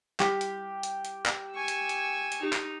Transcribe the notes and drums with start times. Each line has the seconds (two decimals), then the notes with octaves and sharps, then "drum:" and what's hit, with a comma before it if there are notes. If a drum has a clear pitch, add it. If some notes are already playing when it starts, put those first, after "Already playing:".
0.20 G3 G4, drum: clap
0.41 drum: hi-hat
0.83 drum: hi-hat
1.05 drum: hi-hat
1.26 drum: clap
1.51 G#5 C#6 E6
1.68 drum: hi-hat
1.89 drum: hi-hat
2.32 drum: hi-hat
2.43 D#4 G4
2.53 drum: clap